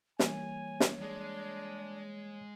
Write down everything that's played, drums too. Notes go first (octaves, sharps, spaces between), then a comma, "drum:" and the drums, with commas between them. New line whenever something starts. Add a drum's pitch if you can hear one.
E3 G3 A#3 C#5 G#5, drum: snare
drum: snare
G#3 D4